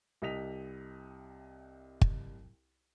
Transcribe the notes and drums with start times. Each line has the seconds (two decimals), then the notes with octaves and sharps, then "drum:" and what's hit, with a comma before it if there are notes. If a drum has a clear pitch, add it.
0.22 C2 C3 D#5 B6 F7
2.01 drum: kick